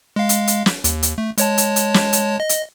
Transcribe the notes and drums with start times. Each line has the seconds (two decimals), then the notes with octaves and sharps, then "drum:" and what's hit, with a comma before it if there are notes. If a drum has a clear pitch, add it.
0.16 G#3 F5
0.29 drum: hi-hat
0.47 drum: hi-hat
0.66 drum: snare
0.84 D#2, drum: hi-hat
1.03 drum: hi-hat
1.18 A3
1.38 G#3 C#5 A5, drum: hi-hat
1.58 drum: hi-hat
1.76 drum: hi-hat
1.94 drum: snare
2.13 drum: hi-hat
2.40 D#5
2.49 drum: hi-hat